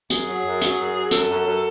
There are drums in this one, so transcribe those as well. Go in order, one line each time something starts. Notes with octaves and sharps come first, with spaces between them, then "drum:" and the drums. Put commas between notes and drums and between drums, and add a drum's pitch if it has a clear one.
F#2 G#4, drum: hi-hat
F#3
F#2
F#3, drum: hi-hat
F#2
F#3
F#2 A4, drum: hi-hat
F#2
F#2